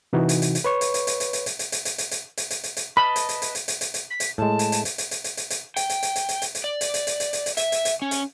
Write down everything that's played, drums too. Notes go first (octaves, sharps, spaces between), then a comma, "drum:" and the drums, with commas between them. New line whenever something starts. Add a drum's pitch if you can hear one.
C3 E3 D#4 F#4
drum: hi-hat
drum: hi-hat
drum: hi-hat
B4 C#5 C#6
drum: hi-hat
drum: hi-hat
drum: hi-hat
drum: hi-hat
drum: hi-hat
drum: hi-hat
drum: hi-hat
drum: hi-hat
drum: hi-hat
drum: hi-hat
drum: hi-hat
drum: hi-hat
drum: hi-hat
drum: hi-hat
drum: hi-hat
B4 D#5 A5 B5
drum: hi-hat
drum: hi-hat
drum: hi-hat
drum: hi-hat
drum: hi-hat
drum: hi-hat
drum: hi-hat
B6
drum: hi-hat
A2 G#3 A5
drum: hi-hat
drum: hi-hat
drum: hi-hat
drum: hi-hat
drum: hi-hat
drum: hi-hat
drum: hi-hat
drum: hi-hat
G5, drum: hi-hat
drum: hi-hat
drum: hi-hat
drum: hi-hat
drum: hi-hat
drum: hi-hat
drum: hi-hat
D5
drum: hi-hat
drum: hi-hat
drum: hi-hat
drum: hi-hat
drum: hi-hat
drum: hi-hat
E5, drum: hi-hat
drum: hi-hat
drum: hi-hat
C#4
drum: hi-hat